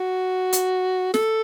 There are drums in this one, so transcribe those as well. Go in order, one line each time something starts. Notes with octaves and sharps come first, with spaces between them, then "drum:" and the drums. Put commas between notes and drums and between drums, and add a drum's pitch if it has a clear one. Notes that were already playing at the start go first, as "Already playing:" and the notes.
Already playing: F#4
drum: hi-hat
A4, drum: snare